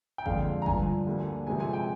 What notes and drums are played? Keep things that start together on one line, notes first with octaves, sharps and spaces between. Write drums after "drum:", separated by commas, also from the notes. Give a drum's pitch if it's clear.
G5
F2 D3 G#3 D4 F4 F5, drum: kick G1
A#5
G2 D3 F3 G#5, drum: kick G1
D2 D3 G3 A#3
D2 C3 F3 G#3 C4 G#5
G#5
G5